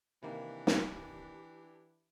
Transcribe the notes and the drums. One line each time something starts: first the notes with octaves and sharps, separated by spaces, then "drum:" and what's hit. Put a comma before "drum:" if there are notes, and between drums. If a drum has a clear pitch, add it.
C3 D#3 E3 A#3 D4 G4
drum: snare